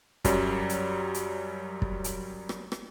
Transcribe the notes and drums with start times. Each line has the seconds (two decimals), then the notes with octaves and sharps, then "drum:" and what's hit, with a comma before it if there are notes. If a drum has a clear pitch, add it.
0.25 F#2 F#3 G3, drum: kick, hi-hat
0.69 drum: hi-hat
1.14 drum: hi-hat
1.82 drum: kick
2.04 drum: hi-hat
2.49 drum: rim click
2.72 drum: rim click